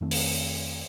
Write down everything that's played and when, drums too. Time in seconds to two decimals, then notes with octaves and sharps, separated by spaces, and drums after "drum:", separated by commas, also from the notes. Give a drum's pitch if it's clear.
0.01 F2 D#3 A3 C4
0.11 drum: open hi-hat